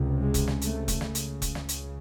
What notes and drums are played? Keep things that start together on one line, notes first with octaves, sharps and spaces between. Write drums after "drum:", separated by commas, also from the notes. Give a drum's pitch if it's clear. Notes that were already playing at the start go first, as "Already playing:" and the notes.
Already playing: C#2 C3
G#3
drum: kick E1, hi-hat
drum: snare
A3, drum: hi-hat
drum: kick E1, hi-hat
C#2 C#3, drum: snare
drum: hi-hat
drum: kick E1, hi-hat
drum: snare
drum: hi-hat